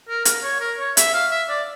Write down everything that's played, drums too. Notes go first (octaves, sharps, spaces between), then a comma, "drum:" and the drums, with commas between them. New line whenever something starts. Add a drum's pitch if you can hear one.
A#4
A#4, drum: hi-hat
C#5
A#4
C#5
E5, drum: hi-hat
F5
E5
D5